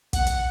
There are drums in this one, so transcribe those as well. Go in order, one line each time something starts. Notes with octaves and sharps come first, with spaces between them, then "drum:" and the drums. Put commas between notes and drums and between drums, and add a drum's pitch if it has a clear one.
F#5, drum: kick, hi-hat
drum: hi-hat